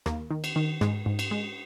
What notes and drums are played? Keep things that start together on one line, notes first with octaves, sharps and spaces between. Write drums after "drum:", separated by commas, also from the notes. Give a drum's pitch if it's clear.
D#2 A#3, drum: rim click
D#3
drum: cymbal
D#3
G#2 G#3, drum: rim click
G#2
drum: cymbal
G#3